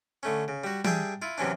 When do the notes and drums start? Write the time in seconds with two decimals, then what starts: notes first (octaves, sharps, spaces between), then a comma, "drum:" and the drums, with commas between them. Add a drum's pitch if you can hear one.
0.23 D3 A3 C#4
0.48 C#3
0.64 G3 F#4
0.84 G3 D4 G#4 E5 G5 D#6, drum: tom E3
1.22 E4 F4
1.38 F#2 C3 E3 C#4 D4